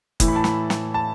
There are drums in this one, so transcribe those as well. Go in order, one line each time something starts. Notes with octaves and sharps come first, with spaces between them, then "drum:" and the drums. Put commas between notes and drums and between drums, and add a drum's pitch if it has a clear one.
A2 E3, drum: kick F#1, hi-hat
B5
A5
B5, drum: snare
drum: snare
A5